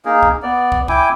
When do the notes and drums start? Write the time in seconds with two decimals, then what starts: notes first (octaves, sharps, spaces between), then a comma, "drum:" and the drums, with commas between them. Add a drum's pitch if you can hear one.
0.05 A#3 D#4 G#4 A#4
0.23 drum: kick
0.43 B3 D5
0.72 drum: kick
0.88 E4 G5 G#5 D6, drum: kick